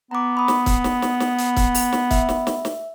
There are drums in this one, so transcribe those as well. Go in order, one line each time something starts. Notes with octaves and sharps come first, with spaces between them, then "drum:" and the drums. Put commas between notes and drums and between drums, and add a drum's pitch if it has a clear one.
B3 A#5 D6
B5 D#6
drum: snare
drum: kick, hi-hat
drum: snare
drum: snare
drum: snare
drum: hi-hat
drum: kick, hi-hat
drum: open hi-hat
drum: snare
E5, drum: kick, hi-hat
drum: snare
drum: snare
drum: snare